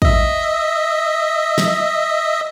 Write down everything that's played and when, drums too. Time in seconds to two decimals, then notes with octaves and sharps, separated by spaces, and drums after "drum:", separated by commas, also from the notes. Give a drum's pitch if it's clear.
0.02 D#5 E5, drum: kick
1.58 drum: snare